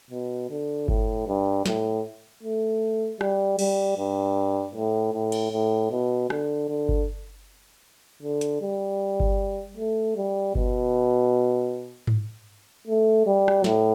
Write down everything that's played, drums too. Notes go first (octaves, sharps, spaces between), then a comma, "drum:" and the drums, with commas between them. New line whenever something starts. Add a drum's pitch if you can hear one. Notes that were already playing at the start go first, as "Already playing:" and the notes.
B2
D3
A2, drum: kick G1
G2
A2, drum: snare
A3
G3, drum: rim click
G3, drum: cymbal
G2
A2
A2
drum: cymbal
A2
B2
D3, drum: rim click
D3
drum: kick G1
D3
drum: hi-hat
G3
drum: kick G1
A3
G3
B2, drum: kick G1
drum: tom G#2
A3
G3
drum: rim click
A2, drum: snare